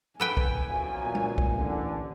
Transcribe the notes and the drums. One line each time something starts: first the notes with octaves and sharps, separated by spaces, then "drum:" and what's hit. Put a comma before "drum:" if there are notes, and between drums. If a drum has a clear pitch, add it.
A4 B4 G5 G#5
drum: kick B1
F#2 F3 A#3
A#2
drum: tom G3
drum: kick B1
A1 D3